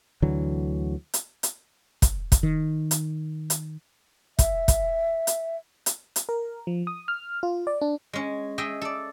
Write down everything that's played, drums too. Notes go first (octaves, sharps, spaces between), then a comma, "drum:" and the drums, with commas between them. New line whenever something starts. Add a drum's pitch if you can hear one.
D2 D3 E3 F#3
drum: hi-hat
drum: hi-hat
drum: kick, hi-hat
drum: kick, hi-hat
D#3
drum: hi-hat
drum: hi-hat
E5, drum: kick, hi-hat
drum: kick, hi-hat
drum: hi-hat
drum: hi-hat
drum: hi-hat
A#4
F3
D#6
F6
F4
D5
D4
G#3 C#4
G#4 D#5 E5 G5
A4 D5